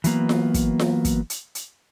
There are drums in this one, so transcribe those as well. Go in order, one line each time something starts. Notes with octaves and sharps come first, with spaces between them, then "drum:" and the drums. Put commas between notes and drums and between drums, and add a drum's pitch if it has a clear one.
E3 F#3 A#3 B3, drum: hi-hat
drum: snare F4
drum: kick, hi-hat
drum: snare F4
drum: kick, hi-hat
drum: hi-hat
drum: hi-hat